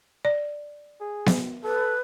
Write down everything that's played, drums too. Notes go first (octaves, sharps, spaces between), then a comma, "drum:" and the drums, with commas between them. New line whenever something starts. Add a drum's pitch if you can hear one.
D5
G#4
drum: snare B3
A4 B4